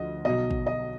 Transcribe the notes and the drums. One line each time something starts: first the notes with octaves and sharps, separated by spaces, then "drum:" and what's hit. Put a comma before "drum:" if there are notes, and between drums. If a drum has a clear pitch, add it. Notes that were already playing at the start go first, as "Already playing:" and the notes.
Already playing: D2 D3 F3 D#5
B1 B2 F#3 D#5
drum: kick
D#5